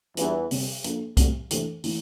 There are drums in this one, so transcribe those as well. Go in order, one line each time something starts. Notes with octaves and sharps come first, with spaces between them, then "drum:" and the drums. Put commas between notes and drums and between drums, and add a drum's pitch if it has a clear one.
E2 E3 G3 D4 F4, drum: hi-hat
C3 G3 C4, drum: open hi-hat
F3 A#3 D4 A4, drum: hi-hat
D2 A2 D3 G3 C4 G4, drum: kick C2, hi-hat
C2 C3 E3 A3 D4 A4, drum: hi-hat
E3 A3 E4, drum: open hi-hat